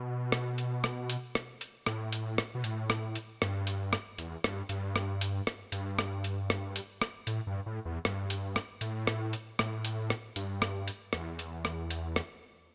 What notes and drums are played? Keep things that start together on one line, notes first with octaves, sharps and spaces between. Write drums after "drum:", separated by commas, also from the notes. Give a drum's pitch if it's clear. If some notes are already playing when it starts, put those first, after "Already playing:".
Already playing: B2
drum: rim click
drum: hi-hat
drum: rim click
drum: hi-hat
drum: rim click
drum: hi-hat
A2, drum: rim click
drum: hi-hat
drum: rim click
B2
A2, drum: hi-hat
drum: rim click
drum: hi-hat
G2, drum: rim click
drum: hi-hat
drum: rim click
E2, drum: hi-hat
G2, drum: rim click
G2, drum: hi-hat
drum: rim click
drum: hi-hat
drum: rim click
G2, drum: hi-hat
drum: rim click
drum: hi-hat
drum: rim click
drum: hi-hat
drum: rim click
A2, drum: hi-hat
G2
A2
E2
G2, drum: rim click
drum: hi-hat
drum: rim click
A2, drum: hi-hat
drum: rim click
drum: hi-hat
A2, drum: rim click
drum: hi-hat
drum: rim click
G2, drum: hi-hat
drum: rim click
drum: hi-hat
E2, drum: rim click
drum: hi-hat
drum: rim click
drum: hi-hat
drum: rim click